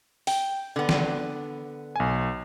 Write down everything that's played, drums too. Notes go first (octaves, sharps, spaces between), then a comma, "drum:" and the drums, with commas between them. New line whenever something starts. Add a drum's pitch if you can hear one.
G5, drum: open hi-hat
D3 B3
drum: snare
B1 G#5